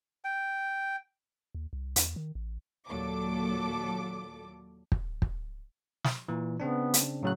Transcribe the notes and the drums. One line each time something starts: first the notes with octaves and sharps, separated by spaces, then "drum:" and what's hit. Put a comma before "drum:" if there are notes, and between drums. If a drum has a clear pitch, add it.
G5
D#2
C2
E2, drum: hi-hat
D#3
A1
D#2 A#2 F#3 A4 D6
drum: kick
drum: kick
drum: snare
A#2 E3
C#3 B3 C4 D4
drum: hi-hat
A2 C#3 F#3 F#6